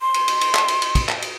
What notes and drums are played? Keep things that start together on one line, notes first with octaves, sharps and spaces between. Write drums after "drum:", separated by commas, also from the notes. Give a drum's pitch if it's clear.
C6
drum: cymbal
drum: cymbal
drum: cymbal
drum: clap
drum: cymbal
drum: cymbal
drum: kick, cymbal
drum: clap
drum: cymbal